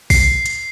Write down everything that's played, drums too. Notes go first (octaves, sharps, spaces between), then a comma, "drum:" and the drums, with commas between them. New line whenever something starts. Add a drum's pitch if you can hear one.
C7, drum: kick, open hi-hat
drum: hi-hat